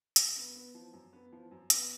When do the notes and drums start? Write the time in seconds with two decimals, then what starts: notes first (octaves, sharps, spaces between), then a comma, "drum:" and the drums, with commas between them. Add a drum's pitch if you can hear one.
0.16 F#2, drum: hi-hat
0.36 B3
0.55 B3
0.75 F3
0.93 F#2
1.13 B3
1.32 F3
1.51 F#2
1.70 B3, drum: hi-hat